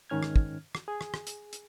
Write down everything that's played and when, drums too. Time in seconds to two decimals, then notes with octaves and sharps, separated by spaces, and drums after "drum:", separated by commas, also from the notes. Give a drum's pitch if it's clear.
0.10 G#2 D#3 C#4 F6 G#6
0.23 drum: rim click
0.36 drum: kick
0.75 drum: rim click
0.88 G#4
1.01 drum: rim click
1.14 drum: rim click
1.27 drum: hi-hat
1.53 drum: hi-hat